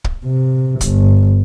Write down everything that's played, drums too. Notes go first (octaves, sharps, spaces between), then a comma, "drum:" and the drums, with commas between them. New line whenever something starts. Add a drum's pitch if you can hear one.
drum: kick
C3
G1, drum: kick, hi-hat